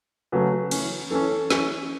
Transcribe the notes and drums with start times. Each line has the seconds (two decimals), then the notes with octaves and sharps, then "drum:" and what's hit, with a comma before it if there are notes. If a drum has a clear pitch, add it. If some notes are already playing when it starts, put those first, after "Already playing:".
0.32 C#3 F#3 A3 B4
0.71 E3 C#4, drum: cymbal
1.11 E3 C#4 A4
1.50 E3 C#4, drum: snare